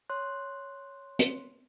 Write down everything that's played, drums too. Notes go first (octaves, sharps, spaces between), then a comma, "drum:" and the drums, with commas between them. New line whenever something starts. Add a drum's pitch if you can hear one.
C#5 C6 F#6
drum: hi-hat